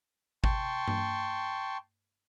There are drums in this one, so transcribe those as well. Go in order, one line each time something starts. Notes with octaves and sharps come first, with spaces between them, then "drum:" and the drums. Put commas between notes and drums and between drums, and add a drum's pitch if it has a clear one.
G5 A5 C6 C#6, drum: kick G#1
drum: tom G2